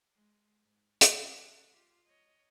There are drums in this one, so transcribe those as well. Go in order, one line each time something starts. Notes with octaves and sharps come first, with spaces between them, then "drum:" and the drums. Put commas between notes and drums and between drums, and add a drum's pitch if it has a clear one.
G#3
G#2
drum: hi-hat
A4 F#5
F4 G4
C#5 D#5